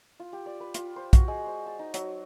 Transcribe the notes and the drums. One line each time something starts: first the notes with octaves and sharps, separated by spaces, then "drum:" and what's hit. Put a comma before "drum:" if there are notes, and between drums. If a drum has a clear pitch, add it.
F4
G4
D5
B4
F4, drum: hi-hat
C5
F#4, drum: kick, hi-hat
G#3
C5
A5
D#4
F#3, drum: hi-hat